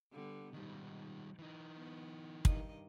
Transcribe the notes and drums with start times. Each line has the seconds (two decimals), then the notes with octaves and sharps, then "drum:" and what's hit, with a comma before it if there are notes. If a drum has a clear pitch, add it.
0.12 D3 G3 B3
0.54 G#2 B2 D#3 G3
1.39 E3 D#4
1.77 B3
2.45 G2 D#3 D#5, drum: kick